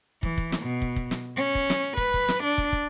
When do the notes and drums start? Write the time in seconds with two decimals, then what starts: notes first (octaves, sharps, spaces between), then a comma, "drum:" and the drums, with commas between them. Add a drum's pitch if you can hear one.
0.23 E3, drum: kick
0.38 drum: kick
0.52 drum: snare
0.62 B2
0.82 drum: kick
0.96 drum: kick
1.11 drum: snare
1.37 C#4
1.55 drum: kick
1.70 drum: snare
1.97 B4, drum: kick
2.14 drum: kick
2.29 drum: snare
2.44 D4
2.58 drum: kick
2.73 drum: kick